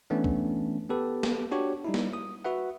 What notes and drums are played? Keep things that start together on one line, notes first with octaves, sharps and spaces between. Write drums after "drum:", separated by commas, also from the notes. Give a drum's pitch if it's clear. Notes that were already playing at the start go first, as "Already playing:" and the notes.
E3 A3 B3 C#4 D4
drum: kick
B3 G4 A4 B4
drum: snare
D4 F#4 G4 C#5
G3 D#4 E4
drum: snare
D#6
F#4 B4 E5 F#5